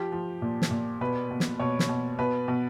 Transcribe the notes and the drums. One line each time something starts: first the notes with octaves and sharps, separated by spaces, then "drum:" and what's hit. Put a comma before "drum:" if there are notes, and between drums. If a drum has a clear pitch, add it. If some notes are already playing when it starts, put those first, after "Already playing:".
Already playing: F3 G4
F3
A#2
drum: snare
A#2
B2 B4
B2
drum: snare
B2 C#5
drum: snare
B2
B2 B4
B2